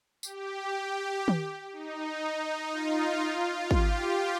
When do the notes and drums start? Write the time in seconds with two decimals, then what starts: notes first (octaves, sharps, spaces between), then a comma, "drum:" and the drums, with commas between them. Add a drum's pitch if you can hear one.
0.23 G4, drum: tambourine
1.28 drum: tom D#3
1.72 D#4
2.71 F4
3.71 G4, drum: kick